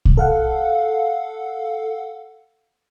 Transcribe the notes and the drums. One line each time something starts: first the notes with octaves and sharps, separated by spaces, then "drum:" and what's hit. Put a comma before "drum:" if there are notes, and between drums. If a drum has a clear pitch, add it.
drum: kick
A4 F5 F#5